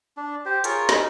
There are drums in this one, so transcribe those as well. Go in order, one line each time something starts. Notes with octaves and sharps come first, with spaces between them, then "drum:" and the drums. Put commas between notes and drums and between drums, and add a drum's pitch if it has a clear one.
D4
G4 C5
F4 G#4 A#4 C#5, drum: hi-hat
D#4, drum: snare